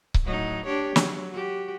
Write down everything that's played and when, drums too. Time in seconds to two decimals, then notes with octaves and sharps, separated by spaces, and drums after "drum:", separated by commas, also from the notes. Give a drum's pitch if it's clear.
0.14 drum: kick C#1
0.24 A2 F#3 D#4
0.66 D4 G4 C#5
0.96 F#3, drum: snare
1.31 F#4 G4